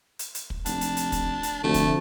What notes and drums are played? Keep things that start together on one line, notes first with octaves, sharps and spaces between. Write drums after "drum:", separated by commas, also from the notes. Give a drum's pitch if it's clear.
drum: hi-hat
drum: hi-hat
drum: kick
F1 D4, drum: hi-hat
drum: hi-hat
drum: hi-hat
drum: kick, hi-hat
drum: hi-hat
F1 D2 A3
drum: kick, hi-hat